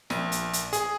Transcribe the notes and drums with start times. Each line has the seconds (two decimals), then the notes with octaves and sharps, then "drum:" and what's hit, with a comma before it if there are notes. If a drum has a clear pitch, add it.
0.10 A#1, drum: snare
0.32 drum: hi-hat
0.53 drum: hi-hat
0.73 G#4, drum: hi-hat